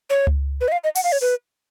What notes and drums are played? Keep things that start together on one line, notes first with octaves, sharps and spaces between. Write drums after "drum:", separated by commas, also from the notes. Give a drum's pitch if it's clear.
C#5
drum: tom C#2
B4
D#5
F5
D#5
F#5, drum: open hi-hat
F5
C#5
B4